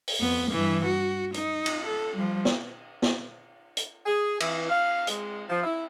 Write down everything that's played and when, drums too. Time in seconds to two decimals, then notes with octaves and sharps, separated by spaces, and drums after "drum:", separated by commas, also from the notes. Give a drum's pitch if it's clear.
0.08 drum: open hi-hat
0.20 F2 B3
0.51 G2 E3
0.85 F#4
1.34 D#4, drum: hi-hat
1.66 drum: cymbal
1.85 A4
2.16 F3 G3
2.45 drum: snare
3.02 drum: snare
3.77 drum: hi-hat
4.06 G#4
4.40 E3, drum: cymbal
4.69 F5
5.07 G#3, drum: hi-hat
5.50 F3
5.63 E4